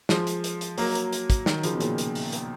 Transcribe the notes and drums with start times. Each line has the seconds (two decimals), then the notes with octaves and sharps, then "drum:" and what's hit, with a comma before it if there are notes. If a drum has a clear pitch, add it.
0.09 F3 G#3, drum: snare
0.27 drum: hi-hat
0.44 drum: hi-hat
0.61 drum: hi-hat
0.78 F#3 A#3, drum: open hi-hat
0.95 drum: hi-hat
1.13 drum: hi-hat
1.30 drum: kick, hi-hat
1.46 D#3 F#3, drum: snare
1.63 C#3 F3, drum: hi-hat
1.74 B2
1.80 A#2 C#3, drum: hi-hat
1.98 drum: hi-hat
2.15 drum: open hi-hat
2.32 drum: hi-hat